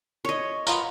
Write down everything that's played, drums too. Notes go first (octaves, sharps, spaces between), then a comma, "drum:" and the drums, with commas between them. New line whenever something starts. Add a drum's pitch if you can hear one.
C#5 D#5
B3 F4 A#4, drum: tambourine